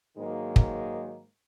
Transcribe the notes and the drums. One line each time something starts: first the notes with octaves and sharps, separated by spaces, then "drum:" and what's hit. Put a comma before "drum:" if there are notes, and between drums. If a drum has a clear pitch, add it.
G#2 D#3 F#3 G#3 A#3
drum: kick